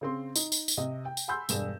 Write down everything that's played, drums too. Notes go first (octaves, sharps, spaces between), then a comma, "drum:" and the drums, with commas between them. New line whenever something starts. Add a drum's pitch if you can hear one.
C#3 C4 C6
D#4, drum: tambourine
drum: tambourine
drum: tambourine
C3 D#5
G5
drum: tambourine
F#5 G#5 B5 C6 E6 G6
E1 G2 G#4 E7, drum: tambourine